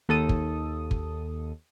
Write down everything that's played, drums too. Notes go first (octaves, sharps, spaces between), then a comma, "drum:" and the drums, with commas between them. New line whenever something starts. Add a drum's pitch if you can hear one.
D#2 A4 D#6
drum: kick
drum: kick